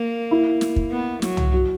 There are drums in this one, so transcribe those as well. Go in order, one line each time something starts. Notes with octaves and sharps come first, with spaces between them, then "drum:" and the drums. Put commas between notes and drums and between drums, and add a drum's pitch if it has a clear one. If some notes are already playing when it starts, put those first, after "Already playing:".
Already playing: A#3
E4
drum: snare
drum: kick
B3
F#3, drum: snare
drum: tom
F#4